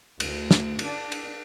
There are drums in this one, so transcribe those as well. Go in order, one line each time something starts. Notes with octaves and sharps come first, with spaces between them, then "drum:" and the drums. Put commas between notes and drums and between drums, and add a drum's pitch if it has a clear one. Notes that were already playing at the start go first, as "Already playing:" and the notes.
D2, drum: cymbal
drum: snare
D4, drum: cymbal
drum: cymbal